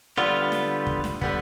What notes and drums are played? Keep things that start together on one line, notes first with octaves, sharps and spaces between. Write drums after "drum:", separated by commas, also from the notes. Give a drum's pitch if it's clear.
D3 G3 B3 F4
drum: snare
drum: kick
drum: snare
D3 G3 B3, drum: kick